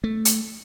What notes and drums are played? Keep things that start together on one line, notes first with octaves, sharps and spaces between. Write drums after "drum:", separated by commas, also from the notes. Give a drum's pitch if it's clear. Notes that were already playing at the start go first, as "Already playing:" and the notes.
A3
drum: hi-hat